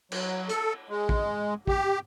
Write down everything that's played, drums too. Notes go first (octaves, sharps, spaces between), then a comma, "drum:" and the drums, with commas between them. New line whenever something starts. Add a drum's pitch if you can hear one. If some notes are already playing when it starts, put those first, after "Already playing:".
F#3, drum: cymbal
A4, drum: hi-hat
G#3
drum: kick
G4, drum: kick